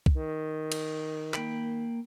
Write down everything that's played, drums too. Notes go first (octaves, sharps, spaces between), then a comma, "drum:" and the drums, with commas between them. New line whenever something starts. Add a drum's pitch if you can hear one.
drum: kick C2
D#3
drum: cymbal
A#3 G5 B5, drum: clap